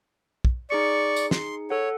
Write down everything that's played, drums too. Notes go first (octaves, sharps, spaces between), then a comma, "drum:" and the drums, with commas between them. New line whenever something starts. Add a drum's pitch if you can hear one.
drum: kick
D#4 G#4 D5 C#6 C#7
drum: tambourine
C6, drum: snare
A4 C#5 F#5